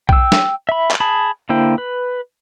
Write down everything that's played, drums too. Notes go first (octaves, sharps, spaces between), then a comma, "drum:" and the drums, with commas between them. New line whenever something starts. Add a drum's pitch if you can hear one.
G5 E6, drum: kick B1
drum: snare
E5 B5
drum: clap
G#4 A5 B5
D3 A#3 E4 C5 G5
B4